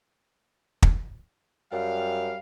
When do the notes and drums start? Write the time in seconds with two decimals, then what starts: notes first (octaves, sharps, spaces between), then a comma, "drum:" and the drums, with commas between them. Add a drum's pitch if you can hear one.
0.82 drum: kick
1.72 F#2 G3 F5